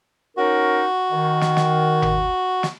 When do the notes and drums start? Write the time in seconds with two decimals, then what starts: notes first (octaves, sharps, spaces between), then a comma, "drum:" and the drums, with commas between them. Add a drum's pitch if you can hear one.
0.37 C#4 D#4 F#4 A#4
1.11 D#3
1.41 drum: snare
1.57 drum: snare
2.02 drum: tom G1
2.63 drum: snare